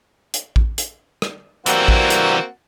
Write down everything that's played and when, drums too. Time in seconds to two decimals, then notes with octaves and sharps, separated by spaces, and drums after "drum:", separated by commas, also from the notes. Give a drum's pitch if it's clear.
0.34 drum: hi-hat
0.56 drum: kick A1
0.78 drum: hi-hat
1.22 drum: rim click
1.66 E3 G3 A#3 C4 F#4, drum: hi-hat
1.88 drum: kick A1
2.10 drum: hi-hat